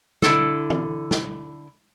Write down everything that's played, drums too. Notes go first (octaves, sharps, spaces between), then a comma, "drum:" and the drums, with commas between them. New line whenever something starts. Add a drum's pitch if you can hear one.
D3 E4 F4 A4, drum: snare
drum: tom E3
drum: snare